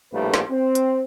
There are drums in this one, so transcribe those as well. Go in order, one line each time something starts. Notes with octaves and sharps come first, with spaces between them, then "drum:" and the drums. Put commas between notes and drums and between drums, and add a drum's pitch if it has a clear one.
A#1 A2 G3 A3 A#3 B4
drum: snare
C4
drum: hi-hat